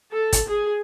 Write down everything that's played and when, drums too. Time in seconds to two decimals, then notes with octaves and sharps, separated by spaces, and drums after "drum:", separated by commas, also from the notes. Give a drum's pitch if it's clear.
0.10 A4
0.33 drum: kick, hi-hat
0.49 G#4